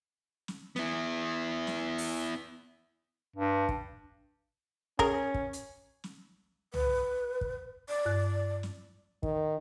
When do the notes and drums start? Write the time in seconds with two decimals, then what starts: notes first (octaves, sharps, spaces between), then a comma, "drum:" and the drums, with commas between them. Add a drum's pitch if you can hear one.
0.48 drum: snare
0.76 B3 E4, drum: snare
1.67 drum: snare
1.98 drum: open hi-hat
3.36 G2
3.69 drum: kick
4.99 C#4 G#4 A#4, drum: kick
5.34 drum: kick
5.53 drum: hi-hat
6.04 drum: snare
6.74 B4, drum: tom
7.41 drum: kick
7.89 D5
8.06 G2 F#6
8.63 drum: snare
9.23 D#3, drum: kick